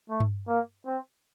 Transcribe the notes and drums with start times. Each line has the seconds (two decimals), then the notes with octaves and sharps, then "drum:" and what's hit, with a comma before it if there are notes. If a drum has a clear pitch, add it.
0.10 A3
0.20 drum: tom G2
0.48 A#3
0.86 C4